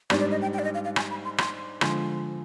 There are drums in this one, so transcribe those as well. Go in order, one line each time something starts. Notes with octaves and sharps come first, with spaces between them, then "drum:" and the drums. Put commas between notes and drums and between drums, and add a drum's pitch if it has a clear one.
G#2 G3 D4 D5, drum: rim click
D5
D#5
G5
G5
D5
D#5
F5
F5
G#5, drum: rim click
B5
C6
C6, drum: rim click
D3 F3 G#3 C6, drum: rim click